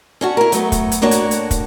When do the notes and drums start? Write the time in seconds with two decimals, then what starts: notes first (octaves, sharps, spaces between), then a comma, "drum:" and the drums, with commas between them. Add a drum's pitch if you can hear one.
0.21 C#4 D4 F#4
0.37 E4 A#4
0.52 F#3 A3 B3, drum: hi-hat
0.72 drum: kick, hi-hat
0.92 drum: hi-hat
1.02 A2 A#3 D4 F#4 C#5
1.11 drum: hi-hat
1.31 drum: hi-hat
1.51 drum: kick, hi-hat